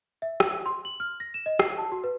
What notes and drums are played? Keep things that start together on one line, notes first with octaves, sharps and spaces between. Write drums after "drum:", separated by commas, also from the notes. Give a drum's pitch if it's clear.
E5
E6, drum: rim click
C6
F#7
F6
A#6
E7
D#5
C7, drum: rim click
A5
F#4
B4